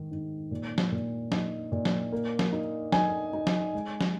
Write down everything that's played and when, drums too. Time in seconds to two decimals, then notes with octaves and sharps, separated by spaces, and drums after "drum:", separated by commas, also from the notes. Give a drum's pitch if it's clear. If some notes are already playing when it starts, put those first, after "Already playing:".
Already playing: G#2 D#3
0.11 G#2
0.51 A#2
0.78 drum: snare
0.92 A#2
1.32 D#4, drum: snare
1.72 A#2
1.85 drum: snare
2.12 A#3
2.39 drum: snare
2.52 D#4
2.92 D#4 G#5, drum: snare
3.33 D#4
3.47 drum: snare
3.73 G#3
4.01 drum: snare